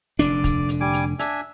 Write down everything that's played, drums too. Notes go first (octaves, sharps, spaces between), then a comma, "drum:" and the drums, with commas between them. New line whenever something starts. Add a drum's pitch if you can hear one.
F1 D3 D4 D5, drum: hi-hat
drum: kick, hi-hat
drum: hi-hat
G3 G#5 D6
drum: hi-hat
D4 E5 G#5, drum: hi-hat